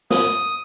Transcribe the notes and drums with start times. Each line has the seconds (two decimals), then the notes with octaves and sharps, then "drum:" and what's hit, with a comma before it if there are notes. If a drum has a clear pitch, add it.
0.11 D#6, drum: snare